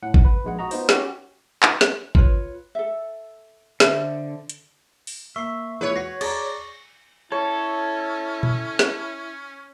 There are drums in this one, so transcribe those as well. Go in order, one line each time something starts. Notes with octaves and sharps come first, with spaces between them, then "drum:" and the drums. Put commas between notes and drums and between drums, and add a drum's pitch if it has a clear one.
A2 F#5
drum: kick G#1
B4
A#1 G#3 F#5
F#4 D#5 A#5
B3 D#4 F4 C5, drum: open hi-hat
C#4 F#4 G4, drum: snare
drum: clap
drum: snare
F4 B4 C#5, drum: kick G#1
A4 E5
D3 C5 D#5 E5, drum: snare
drum: hi-hat
drum: open hi-hat
A#3 E5 C#6 C7
A#2 E3 G#3 B4 C#5
F#4 A#6 C7
G#4 D5 A5 A#5 C#6, drum: cymbal
C#4 E4 A4 C#5
drum: tom A#2
drum: snare